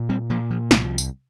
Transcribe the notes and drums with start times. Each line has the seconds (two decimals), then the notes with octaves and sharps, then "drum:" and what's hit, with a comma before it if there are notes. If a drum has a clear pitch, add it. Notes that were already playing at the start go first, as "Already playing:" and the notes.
Already playing: A#2
0.09 G3 C4
0.30 A#2 F3 A#3
0.50 F3
0.71 C2 F3, drum: snare
0.98 drum: tambourine